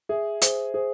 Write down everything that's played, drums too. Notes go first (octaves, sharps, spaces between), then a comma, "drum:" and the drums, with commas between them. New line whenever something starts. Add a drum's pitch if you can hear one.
G#4 E5
G#4 C5, drum: hi-hat
G#4 C5